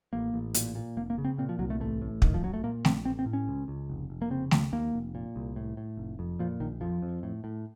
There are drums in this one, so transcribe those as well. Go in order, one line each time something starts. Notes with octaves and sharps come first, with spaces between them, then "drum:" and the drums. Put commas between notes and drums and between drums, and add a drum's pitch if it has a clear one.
A1 A#3
A1
A#2, drum: hi-hat
A#2
F1 A#3
A#3
C#3
C4
A#2 C4
F3
C2 F#3
A3
A1 A3
A2
F#1 D#3, drum: kick
F3
F#2 F#3
A3
A#2 A#3
A#1 C4, drum: snare A3
A1 C4
C4
A2
C#4
C#2
C#2
F1
F1
A#3
C#3 C4
C#2, drum: snare A3
D#2 A#3
F1
A#2
C2
A2
A2
F1
F2
A#2 F3
A#1 D#3
F2 F3
F2
A2
A2